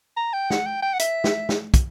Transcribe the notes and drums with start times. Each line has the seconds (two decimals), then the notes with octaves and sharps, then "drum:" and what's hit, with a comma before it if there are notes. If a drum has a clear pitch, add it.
0.17 A#5
0.33 G5
0.50 F#5, drum: snare
0.66 G5
0.82 G5
0.93 F#5
0.99 E5, drum: hi-hat
1.24 drum: snare
1.49 drum: snare
1.74 drum: kick, hi-hat